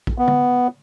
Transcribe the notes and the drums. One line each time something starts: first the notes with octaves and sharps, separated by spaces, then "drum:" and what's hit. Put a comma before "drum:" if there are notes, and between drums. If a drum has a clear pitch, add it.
drum: kick
B3
drum: tom D3